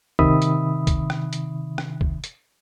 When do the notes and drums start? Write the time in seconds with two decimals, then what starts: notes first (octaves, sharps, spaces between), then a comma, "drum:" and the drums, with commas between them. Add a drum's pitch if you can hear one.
0.19 C3 D#3 E5 B5 D#6, drum: kick
0.42 drum: hi-hat
0.87 drum: kick, hi-hat
1.10 drum: rim click
1.33 drum: hi-hat
1.78 drum: rim click
2.01 drum: kick
2.24 drum: hi-hat